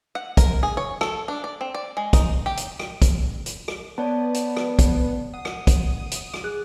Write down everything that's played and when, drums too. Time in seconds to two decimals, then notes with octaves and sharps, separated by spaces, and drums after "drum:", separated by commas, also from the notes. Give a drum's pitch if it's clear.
0.15 F#5
0.37 A#4, drum: kick, hi-hat
0.63 G#4
0.77 C#5
1.01 A4, drum: rim click
1.28 D4
1.44 D5
1.61 C4
1.75 D5
1.97 G#3
2.13 D#4, drum: kick, hi-hat
2.46 G4
2.57 drum: hi-hat
2.79 drum: rim click
3.02 drum: kick, hi-hat
3.46 drum: hi-hat
3.68 drum: rim click
3.98 B3 C#5 D5 A5
4.34 drum: hi-hat
4.57 drum: rim click
4.79 drum: kick, hi-hat
5.34 F#5 D#6
5.45 drum: rim click
5.67 drum: kick, hi-hat
6.11 drum: hi-hat
6.34 drum: rim click
6.44 G#4 F#6